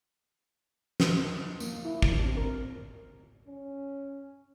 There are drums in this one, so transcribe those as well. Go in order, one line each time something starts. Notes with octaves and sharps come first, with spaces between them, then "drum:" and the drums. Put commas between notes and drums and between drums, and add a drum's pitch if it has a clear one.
drum: snare
A#3, drum: tambourine
E4
drum: kick
D4
C4
A#4
C#4